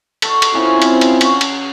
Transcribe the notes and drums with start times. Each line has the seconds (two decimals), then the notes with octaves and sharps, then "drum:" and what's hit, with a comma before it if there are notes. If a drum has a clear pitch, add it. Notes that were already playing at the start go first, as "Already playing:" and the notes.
0.22 F#4 A4, drum: cymbal
0.42 drum: cymbal
0.55 C#3 C4 E4 F4 G#4
0.82 drum: cymbal
1.01 drum: cymbal
1.21 F#4, drum: cymbal
1.41 drum: cymbal